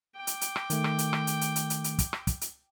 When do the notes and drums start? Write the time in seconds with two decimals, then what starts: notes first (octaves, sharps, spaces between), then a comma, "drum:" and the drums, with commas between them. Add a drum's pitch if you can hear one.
0.16 G5 D6
0.27 drum: hi-hat
0.41 drum: hi-hat
0.56 drum: rim click
0.70 D#3 A3, drum: hi-hat
0.84 drum: rim click
0.98 drum: hi-hat
1.13 drum: rim click
1.27 drum: hi-hat
1.41 drum: hi-hat
1.56 drum: hi-hat
1.70 drum: hi-hat
1.84 drum: hi-hat
1.99 drum: kick, hi-hat
2.13 drum: rim click
2.27 drum: kick, hi-hat
2.41 drum: hi-hat